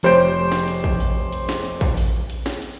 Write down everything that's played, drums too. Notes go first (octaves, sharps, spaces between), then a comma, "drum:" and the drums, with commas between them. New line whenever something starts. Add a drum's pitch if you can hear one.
F1 G4 C5 C#5 G6 D7, drum: open hi-hat
drum: snare
drum: hi-hat
drum: kick A1
drum: open hi-hat
drum: hi-hat
drum: snare
drum: hi-hat
drum: kick A1
drum: open hi-hat
drum: hi-hat
drum: snare
drum: hi-hat